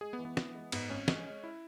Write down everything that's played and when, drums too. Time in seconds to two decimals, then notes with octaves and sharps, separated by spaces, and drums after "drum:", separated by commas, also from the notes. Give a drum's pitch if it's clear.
0.01 G#3 G#4
0.13 B3
0.19 E3
0.25 B3
0.37 E3, drum: snare
0.55 G#3
0.72 G#2 B3, drum: cymbal
0.90 G#1 C#4
1.08 G#3, drum: snare
1.26 G#3
1.44 E4